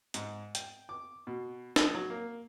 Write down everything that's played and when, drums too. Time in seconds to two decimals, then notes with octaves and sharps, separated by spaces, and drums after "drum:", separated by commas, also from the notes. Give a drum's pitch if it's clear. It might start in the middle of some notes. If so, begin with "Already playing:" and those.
0.14 G#2, drum: hi-hat
0.55 G5, drum: hi-hat
0.89 D6
1.27 B2
1.76 drum: snare
1.94 F#3
2.10 A#3